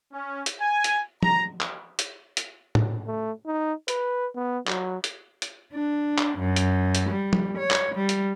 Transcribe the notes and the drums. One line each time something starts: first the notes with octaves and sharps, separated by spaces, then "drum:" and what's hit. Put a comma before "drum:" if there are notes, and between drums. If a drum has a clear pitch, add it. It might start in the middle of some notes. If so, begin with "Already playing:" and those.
C#4
drum: hi-hat
G#5
drum: hi-hat
A#5, drum: tom F3
drum: clap
drum: hi-hat
drum: hi-hat
drum: tom A2
A3
D#4
B4, drum: hi-hat
B3
F#3, drum: clap
drum: hi-hat
drum: hi-hat
D4
drum: clap
F#2
drum: hi-hat
drum: hi-hat
G3
drum: tom F3
C#5
drum: clap
G3
drum: hi-hat